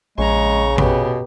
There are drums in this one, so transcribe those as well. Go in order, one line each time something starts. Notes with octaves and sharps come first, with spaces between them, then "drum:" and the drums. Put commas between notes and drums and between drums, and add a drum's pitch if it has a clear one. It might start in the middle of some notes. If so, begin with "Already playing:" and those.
A#1 C#3 G#3 A#5 C#6
B2 B3 G4, drum: kick A1